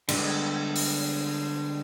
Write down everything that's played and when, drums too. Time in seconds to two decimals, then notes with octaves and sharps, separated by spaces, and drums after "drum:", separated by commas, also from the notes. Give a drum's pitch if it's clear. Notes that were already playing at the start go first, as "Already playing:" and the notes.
0.09 D3 G3 G#3 B3, drum: cymbal
0.76 drum: open hi-hat